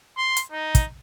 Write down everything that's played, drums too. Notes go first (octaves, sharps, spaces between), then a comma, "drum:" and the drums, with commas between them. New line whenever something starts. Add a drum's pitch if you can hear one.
C6
drum: hi-hat
D#4
drum: kick, hi-hat